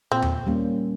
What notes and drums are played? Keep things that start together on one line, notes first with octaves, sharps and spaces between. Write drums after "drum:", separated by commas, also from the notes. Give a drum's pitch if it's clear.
A#2 C4
drum: tom D#2
G3 A#3 C#4